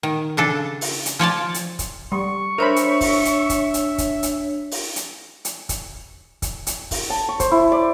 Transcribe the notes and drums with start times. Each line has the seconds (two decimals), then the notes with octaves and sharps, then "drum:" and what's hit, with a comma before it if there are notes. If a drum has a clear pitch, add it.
0.03 D#3
0.37 C#3 D4 A4
0.81 drum: open hi-hat
1.06 drum: hi-hat
1.19 F3 C#5 D5 A5
1.54 drum: hi-hat
1.79 drum: kick, hi-hat
2.12 G3 C#6
2.58 D4 A#4 C5 C#5 E5 B5
2.76 drum: hi-hat
3.01 drum: kick, open hi-hat
3.25 drum: hi-hat
3.49 drum: kick, hi-hat
3.74 drum: hi-hat
3.98 drum: kick, hi-hat
4.23 drum: hi-hat
4.71 drum: open hi-hat
4.96 drum: hi-hat
5.45 drum: hi-hat
5.69 drum: kick, hi-hat
6.42 drum: kick, hi-hat
6.67 drum: hi-hat
6.91 drum: kick, open hi-hat
7.10 A5
7.29 C#6
7.40 C5, drum: kick, hi-hat
7.51 E4
7.72 D5